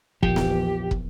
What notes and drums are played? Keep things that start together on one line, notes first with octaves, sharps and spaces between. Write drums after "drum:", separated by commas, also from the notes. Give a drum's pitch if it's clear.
A#1 E2 F3 G4, drum: kick
drum: snare B3
drum: kick